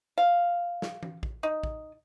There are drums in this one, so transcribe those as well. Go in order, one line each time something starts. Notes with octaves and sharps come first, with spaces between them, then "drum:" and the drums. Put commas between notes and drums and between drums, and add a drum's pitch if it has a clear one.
F5
drum: snare
drum: tom E3
drum: kick
D#4
drum: kick